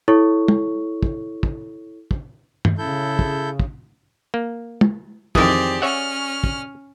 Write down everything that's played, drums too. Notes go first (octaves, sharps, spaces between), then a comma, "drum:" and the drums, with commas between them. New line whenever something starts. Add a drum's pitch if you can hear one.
E4 A4 C#5 C#6
drum: tom
drum: kick
drum: kick
drum: kick
drum: tom
C#3 E4 A4 G6
drum: kick
drum: kick
A#3
drum: tom
F2 D#3 E3 C4 G4 G#4 D5, drum: kick
C#4 C#5 E5 F#5 F6
drum: kick